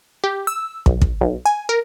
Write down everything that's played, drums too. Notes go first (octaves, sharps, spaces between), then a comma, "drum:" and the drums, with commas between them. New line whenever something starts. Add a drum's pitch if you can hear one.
G4
E6
B1, drum: kick
drum: kick
B1
G#5
A#4